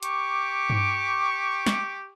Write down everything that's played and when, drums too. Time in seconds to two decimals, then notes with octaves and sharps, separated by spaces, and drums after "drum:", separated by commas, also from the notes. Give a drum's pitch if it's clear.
0.03 G4 C#6 D6, drum: hi-hat
0.70 drum: tom G2
1.66 drum: snare